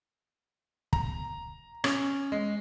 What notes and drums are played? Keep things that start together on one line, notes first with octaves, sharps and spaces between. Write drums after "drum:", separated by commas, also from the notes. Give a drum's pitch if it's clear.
A#5, drum: kick
C#4, drum: rim click
G#3